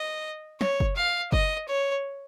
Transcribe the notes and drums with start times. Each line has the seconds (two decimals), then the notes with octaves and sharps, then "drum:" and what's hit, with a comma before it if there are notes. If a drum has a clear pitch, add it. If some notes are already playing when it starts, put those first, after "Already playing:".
Already playing: D#5
0.61 C#5, drum: snare
0.80 drum: kick F#1
0.96 F5
1.32 D#5, drum: kick F#1
1.68 C#5